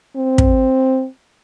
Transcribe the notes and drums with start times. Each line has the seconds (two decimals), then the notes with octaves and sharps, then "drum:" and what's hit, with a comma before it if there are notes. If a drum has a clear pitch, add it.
0.16 C4
0.38 drum: kick